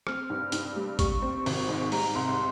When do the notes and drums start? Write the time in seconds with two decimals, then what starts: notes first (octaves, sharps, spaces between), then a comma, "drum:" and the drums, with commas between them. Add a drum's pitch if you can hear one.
0.07 C4 F6, drum: rim click
0.30 G2
0.52 G2, drum: hi-hat
0.76 G3
0.99 G3 C#6, drum: kick, hi-hat
1.22 C4
1.46 G#1, drum: open hi-hat
1.69 G#2
1.92 G3 A#5, drum: open hi-hat
2.15 C2 C6